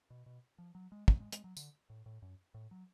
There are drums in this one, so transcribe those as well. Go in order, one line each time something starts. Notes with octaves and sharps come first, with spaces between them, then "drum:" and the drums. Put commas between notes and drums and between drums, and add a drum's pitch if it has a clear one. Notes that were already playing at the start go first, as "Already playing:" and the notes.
B2
B2
F3
F#3
G#3
A3, drum: kick
G#3
G#3, drum: hi-hat
F#3
D3, drum: tambourine
A2
A2
F#2
A2
F#3